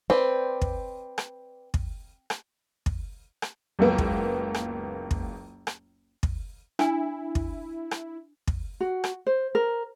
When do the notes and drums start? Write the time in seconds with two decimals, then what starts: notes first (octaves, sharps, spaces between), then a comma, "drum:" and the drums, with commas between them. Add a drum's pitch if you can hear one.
0.10 C4 B4 C5 D5
0.61 drum: kick
1.18 drum: rim click
1.74 drum: kick
2.30 drum: rim click
2.86 drum: kick
3.42 drum: rim click
3.79 F#1 C#2 A#3 B3
3.98 drum: kick
4.54 drum: rim click
5.11 drum: kick
5.67 drum: rim click
6.23 drum: kick
6.79 D4 E4 G#5, drum: rim click
7.35 drum: kick
7.91 drum: rim click
8.47 drum: kick
8.80 F#4
9.04 drum: rim click
9.27 C5
9.55 A#4